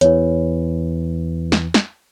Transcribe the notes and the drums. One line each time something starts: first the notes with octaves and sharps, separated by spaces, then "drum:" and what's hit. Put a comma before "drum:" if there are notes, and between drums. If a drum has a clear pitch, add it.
E2 E3 C#5, drum: hi-hat
drum: snare
drum: snare